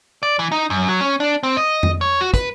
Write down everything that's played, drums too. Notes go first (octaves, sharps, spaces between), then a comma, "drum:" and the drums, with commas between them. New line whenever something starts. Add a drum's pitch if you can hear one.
D5
E3
D#4
F#2
F#3
C#4
D4
C4
D#5
drum: tom F2
C#5
F#4
B4, drum: kick, hi-hat